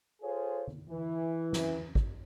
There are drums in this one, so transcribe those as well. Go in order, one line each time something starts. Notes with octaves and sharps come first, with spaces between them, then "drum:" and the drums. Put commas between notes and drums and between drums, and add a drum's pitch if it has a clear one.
F4 G#4 A4 C5 C#5
drum: tom D3
E3
drum: snare
drum: kick